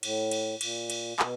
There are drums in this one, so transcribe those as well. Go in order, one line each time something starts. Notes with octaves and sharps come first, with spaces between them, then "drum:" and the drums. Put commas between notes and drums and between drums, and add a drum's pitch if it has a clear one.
A2, drum: cymbal
drum: cymbal
A#2, drum: cymbal
drum: cymbal
B2, drum: clap